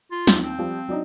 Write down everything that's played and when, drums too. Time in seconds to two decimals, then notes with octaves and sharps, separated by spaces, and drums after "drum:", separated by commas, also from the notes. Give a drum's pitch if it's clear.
0.11 F4
0.27 D#2 F3 G6, drum: snare
0.42 C4
0.58 F3 G3
0.88 F#3 D4 D#4